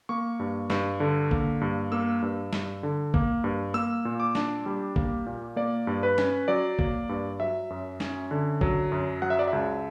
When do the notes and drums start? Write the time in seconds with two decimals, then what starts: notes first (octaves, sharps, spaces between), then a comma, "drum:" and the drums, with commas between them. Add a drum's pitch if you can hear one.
0.09 A#3 C#6
0.40 G2
0.70 G2, drum: snare
1.00 D3
1.31 A#3, drum: kick
1.61 G2
1.92 A#3 E6
2.22 G2
2.53 G2, drum: snare
2.83 D3
3.14 A#3, drum: kick
3.44 G2
3.74 A#3 E6
4.05 A#2
4.20 D6
4.35 D4, drum: snare
4.66 G3
4.96 A#3, drum: kick
5.26 A#2
5.56 A#3 D5
5.87 G2
6.03 B4
6.18 C#4, drum: snare
6.48 F#3 D5
6.79 A#3, drum: kick
7.09 G2
7.40 F#3 E5
7.70 F#2
8.00 C#4, drum: snare
8.31 D3
8.61 F#3, drum: kick
8.92 F#2
9.22 F#3 F#5
9.30 E5
9.39 D5
9.48 E5
9.53 C#2